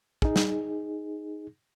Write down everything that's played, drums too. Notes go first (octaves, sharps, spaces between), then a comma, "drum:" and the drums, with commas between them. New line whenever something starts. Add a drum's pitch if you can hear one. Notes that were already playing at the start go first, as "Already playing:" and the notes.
D#4 G#4, drum: kick
drum: snare